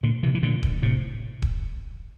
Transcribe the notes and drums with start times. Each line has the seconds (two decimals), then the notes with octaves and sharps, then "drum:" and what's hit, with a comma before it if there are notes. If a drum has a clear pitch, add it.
0.03 A#2 D3
0.23 C3 E3
0.35 E3
0.42 A#2 D3
0.63 drum: kick D#1
0.82 A2 C3
1.42 drum: kick D#1